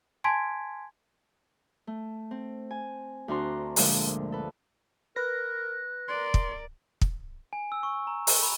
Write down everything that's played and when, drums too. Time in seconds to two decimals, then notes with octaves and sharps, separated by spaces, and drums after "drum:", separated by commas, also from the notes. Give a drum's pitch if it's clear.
0.24 G#5 A5 C6 G#6 B6 D7
1.87 A3
2.31 C4
2.71 G#5
3.28 D2 D4 F#4 A#5 C6
3.76 G2 A#2 D3 F3 G#3, drum: open hi-hat
4.32 A4 B4
5.16 A#4 B4 F#6 A#6
6.08 A#4 D5 C6
6.34 drum: kick
7.01 drum: kick
7.53 G#5
7.72 E6
7.83 C#6
8.07 A#5
8.27 drum: open hi-hat
8.43 B5